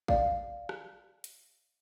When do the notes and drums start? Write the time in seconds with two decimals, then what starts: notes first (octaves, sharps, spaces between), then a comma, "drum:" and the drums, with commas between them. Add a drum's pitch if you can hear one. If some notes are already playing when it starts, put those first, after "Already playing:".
0.08 D5 F5, drum: kick
0.69 drum: rim click
1.24 drum: hi-hat